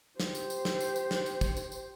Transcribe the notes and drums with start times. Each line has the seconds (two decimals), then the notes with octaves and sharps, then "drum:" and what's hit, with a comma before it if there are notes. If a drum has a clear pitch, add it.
0.20 G4 C5, drum: snare
0.35 drum: tambourine
0.50 drum: tambourine
0.65 drum: snare
0.80 drum: tambourine
0.96 drum: tambourine
1.11 drum: snare
1.26 drum: tambourine
1.41 drum: kick, tambourine
1.57 drum: tambourine
1.72 drum: tambourine